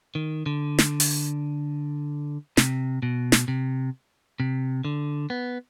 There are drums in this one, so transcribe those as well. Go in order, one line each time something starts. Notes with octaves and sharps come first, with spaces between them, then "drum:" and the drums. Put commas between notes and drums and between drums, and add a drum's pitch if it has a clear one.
D#3
D3
drum: snare
drum: open hi-hat
C3, drum: snare
B2
drum: snare
C3
C3
D3
B3